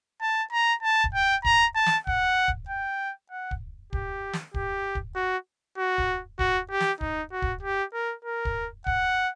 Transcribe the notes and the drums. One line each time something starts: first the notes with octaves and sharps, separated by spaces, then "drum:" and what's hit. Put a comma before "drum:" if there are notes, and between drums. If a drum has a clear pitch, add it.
A5
A#5
A5
drum: kick
G5
A#5, drum: kick
A5
drum: snare
F#5, drum: kick
drum: kick
G5
F#5
drum: kick
G4, drum: kick
drum: snare
G4, drum: kick
drum: kick
F#4
F#4
drum: kick
F#4, drum: kick
G4
drum: snare
D#4, drum: kick
F#4
drum: kick
G4
A#4
A#4
drum: kick
F#5, drum: kick